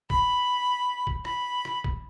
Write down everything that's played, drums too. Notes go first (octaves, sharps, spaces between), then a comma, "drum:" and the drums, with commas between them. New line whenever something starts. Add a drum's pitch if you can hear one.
B5, drum: kick A#1
drum: kick A#1
B5, drum: rim click
drum: rim click
drum: kick A#1